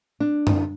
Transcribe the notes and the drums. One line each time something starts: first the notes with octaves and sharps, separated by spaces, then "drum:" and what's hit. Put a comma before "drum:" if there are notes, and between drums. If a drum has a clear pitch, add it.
D4
drum: tom F#2